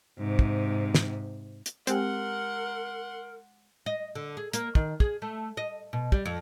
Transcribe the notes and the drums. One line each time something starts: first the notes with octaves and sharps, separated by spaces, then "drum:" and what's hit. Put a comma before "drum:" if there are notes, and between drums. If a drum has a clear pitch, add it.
G#2 C3
drum: kick
drum: snare
drum: hi-hat
G#3 C4 G4 A#4 F#5 G#5 C6, drum: hi-hat
D#5
D3
G#4
A#3, drum: hi-hat
D#3, drum: kick
G#4, drum: kick
A3
D#5
B2
G3, drum: kick
F2